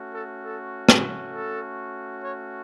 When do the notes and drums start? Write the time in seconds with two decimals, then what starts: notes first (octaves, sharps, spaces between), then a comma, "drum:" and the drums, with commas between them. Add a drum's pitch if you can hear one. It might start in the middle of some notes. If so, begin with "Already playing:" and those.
Already playing: A3 C#4 F#4
0.15 A4
0.44 A4
0.89 G#4, drum: rim click
1.34 A4
2.24 C#5